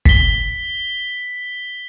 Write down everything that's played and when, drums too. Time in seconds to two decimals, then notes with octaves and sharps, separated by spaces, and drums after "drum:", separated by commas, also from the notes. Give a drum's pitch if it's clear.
0.05 B6 G7, drum: kick